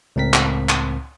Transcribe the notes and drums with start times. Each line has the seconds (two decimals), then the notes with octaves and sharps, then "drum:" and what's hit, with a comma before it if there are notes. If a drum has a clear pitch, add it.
0.16 C#2 A2 C4 A#4 B6
0.34 drum: clap
0.69 drum: clap